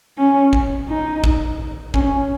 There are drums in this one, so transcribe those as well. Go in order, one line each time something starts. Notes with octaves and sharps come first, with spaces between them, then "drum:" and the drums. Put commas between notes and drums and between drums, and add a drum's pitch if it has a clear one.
C#4
drum: kick G#1
D#4
drum: kick G#1
C#4, drum: kick G#1